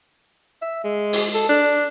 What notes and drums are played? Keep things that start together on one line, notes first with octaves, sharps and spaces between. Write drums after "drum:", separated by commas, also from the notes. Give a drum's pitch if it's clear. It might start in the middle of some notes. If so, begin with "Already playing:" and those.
E5
G#3
drum: open hi-hat
A4
D4